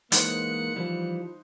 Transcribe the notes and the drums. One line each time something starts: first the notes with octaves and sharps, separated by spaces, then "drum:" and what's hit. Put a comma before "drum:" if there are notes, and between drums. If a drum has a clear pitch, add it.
E3 G#3 A#3 D#4 B4 C5 F#5, drum: hi-hat
E3 F3 G3